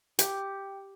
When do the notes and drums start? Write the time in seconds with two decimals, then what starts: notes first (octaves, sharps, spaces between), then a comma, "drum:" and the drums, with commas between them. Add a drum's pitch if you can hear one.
0.19 G4 G5, drum: hi-hat